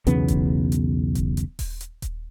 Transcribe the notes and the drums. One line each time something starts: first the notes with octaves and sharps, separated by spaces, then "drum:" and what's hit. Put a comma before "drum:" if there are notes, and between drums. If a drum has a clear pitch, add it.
B1 E2 C#3 B3, drum: hi-hat
drum: kick D#1, hi-hat
drum: hi-hat
drum: kick D#1, hi-hat
drum: hi-hat
drum: kick D#1, open hi-hat
drum: hi-hat
drum: kick D#1, hi-hat